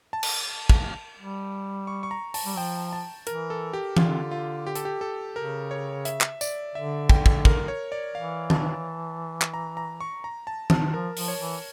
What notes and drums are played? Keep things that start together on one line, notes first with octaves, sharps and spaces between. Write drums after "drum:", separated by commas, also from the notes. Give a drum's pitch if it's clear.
A5
drum: cymbal
drum: kick
G3
C#6
C#6
A#5
A5, drum: open hi-hat
G3
F3 G5
A5
E3 A#4, drum: hi-hat
A4
G4
D3 F4, drum: tom E3
F4
G4
A4, drum: hi-hat
G4
A4
C#3 A#4
C#5
E5, drum: hi-hat
drum: clap
D5, drum: tambourine
D3 E5
G5, drum: kick
drum: kick
A#4, drum: kick
C#5
D5
E3 F5
A5, drum: tom D#3
drum: clap
A#5
A#5
C#6
A#5
A5
A5, drum: tom D#3
F3 A#4
F3, drum: open hi-hat
C#5
E3